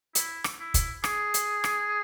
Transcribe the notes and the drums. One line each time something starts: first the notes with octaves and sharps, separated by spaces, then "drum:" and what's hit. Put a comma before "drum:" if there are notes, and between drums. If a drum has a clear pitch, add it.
E4, drum: hi-hat
drum: rim click
E4
drum: kick, hi-hat
G#4, drum: rim click
drum: hi-hat
drum: rim click